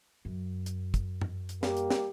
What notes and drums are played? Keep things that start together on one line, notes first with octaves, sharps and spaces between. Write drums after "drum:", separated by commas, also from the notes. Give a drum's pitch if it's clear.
F#2
drum: hi-hat
drum: kick, hi-hat
drum: tom
drum: hi-hat
G3 A#3 G4, drum: snare
drum: hi-hat
drum: snare